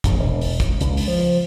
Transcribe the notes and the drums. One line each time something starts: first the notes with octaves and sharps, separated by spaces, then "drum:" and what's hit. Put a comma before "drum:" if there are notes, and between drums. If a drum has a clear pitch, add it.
A#1, drum: kick, hi-hat
E1
drum: open hi-hat
drum: kick, hi-hat
C#2, drum: hi-hat
drum: open hi-hat
F3